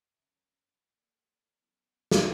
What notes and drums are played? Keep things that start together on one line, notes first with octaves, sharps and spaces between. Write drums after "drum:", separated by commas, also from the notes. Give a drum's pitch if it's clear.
F#2 C#3 C#4 A#4 E5 A5 A#5 A6
D3 A#3 D4 D5
C#3 F#3 B3 C#4 E4 E6
drum: snare